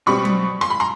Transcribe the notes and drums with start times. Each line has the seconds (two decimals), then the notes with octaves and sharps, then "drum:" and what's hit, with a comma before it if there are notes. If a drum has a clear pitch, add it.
0.06 B2 G3 C4 B5 C#6
0.25 drum: tom F#3
0.61 C6, drum: rim click
0.70 B5
0.80 A#5 C6